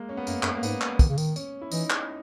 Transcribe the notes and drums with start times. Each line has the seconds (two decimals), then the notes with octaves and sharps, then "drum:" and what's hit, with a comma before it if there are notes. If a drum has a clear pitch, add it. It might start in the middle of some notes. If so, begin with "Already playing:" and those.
Already playing: G#3 A#3
0.09 C#4
0.17 B3
0.27 F#2 A#3, drum: tambourine
0.43 F#2, drum: clap
0.55 A#3
0.63 G#2 B3, drum: tambourine
0.81 drum: clap
0.99 D#3, drum: kick, tambourine
1.08 C#3
1.18 D#3, drum: tambourine
1.36 C#4, drum: tambourine
1.61 E4
1.71 E3 D#4, drum: tambourine
1.90 drum: clap